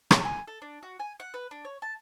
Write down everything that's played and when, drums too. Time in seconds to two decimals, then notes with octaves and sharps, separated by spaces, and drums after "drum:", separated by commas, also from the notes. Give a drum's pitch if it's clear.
0.11 C#5, drum: rim click
0.25 G#5
0.48 A4
0.62 D4
0.83 F#4
1.00 G#5
1.20 F#5
1.34 B4
1.51 D4
1.65 C#5
1.82 A5